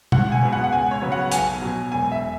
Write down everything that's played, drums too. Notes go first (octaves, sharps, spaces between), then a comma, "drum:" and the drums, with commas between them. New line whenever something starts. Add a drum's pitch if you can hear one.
C#2 F#5, drum: tom B2
G#5
B2 G#3 B3
F#5
F#5
C#2 G#5
C#5
C#3 F#3 B3
F#5
B1 G#5, drum: hi-hat
B2 F#3
E1 G#5
E5